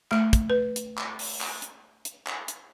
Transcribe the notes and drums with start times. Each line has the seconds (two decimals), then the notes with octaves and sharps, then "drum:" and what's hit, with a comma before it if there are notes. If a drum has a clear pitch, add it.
0.11 A3, drum: clap
0.33 drum: kick, hi-hat
0.50 B4
0.76 drum: hi-hat
0.98 drum: clap
1.19 drum: open hi-hat
1.41 drum: clap
1.62 drum: hi-hat
2.05 drum: hi-hat
2.27 drum: clap
2.48 drum: hi-hat